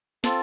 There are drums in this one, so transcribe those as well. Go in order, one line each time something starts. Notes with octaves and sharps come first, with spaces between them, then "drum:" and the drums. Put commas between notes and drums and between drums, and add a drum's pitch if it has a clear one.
C4 F4 A4, drum: snare